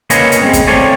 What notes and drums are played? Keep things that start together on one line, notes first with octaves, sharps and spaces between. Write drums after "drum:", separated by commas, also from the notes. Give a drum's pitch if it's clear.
A#3 C#4 B4 C#5 D#5, drum: hi-hat
drum: hi-hat
G#3 A#3 C4
drum: kick, hi-hat
A3 C4 C#5 D5 G#5